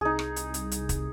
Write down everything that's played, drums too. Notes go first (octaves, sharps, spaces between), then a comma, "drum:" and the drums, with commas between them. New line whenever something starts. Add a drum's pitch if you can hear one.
C2 D#4 G#4
drum: rim click
drum: hi-hat
drum: hi-hat
drum: hi-hat
drum: kick, hi-hat